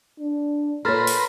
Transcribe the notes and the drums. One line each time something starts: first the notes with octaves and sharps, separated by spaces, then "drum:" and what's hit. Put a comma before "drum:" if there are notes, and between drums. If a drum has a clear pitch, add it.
D4
A#2 A4 B4 C#5 A#5 C6 F6 A6
drum: open hi-hat